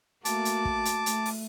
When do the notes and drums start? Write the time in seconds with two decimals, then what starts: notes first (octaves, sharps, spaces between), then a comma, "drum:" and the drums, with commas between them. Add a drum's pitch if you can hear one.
0.25 A3 A#3 F#4 A5 D6, drum: hi-hat
0.45 drum: hi-hat
0.65 drum: kick
0.85 drum: hi-hat
1.06 A3, drum: hi-hat
1.26 drum: open hi-hat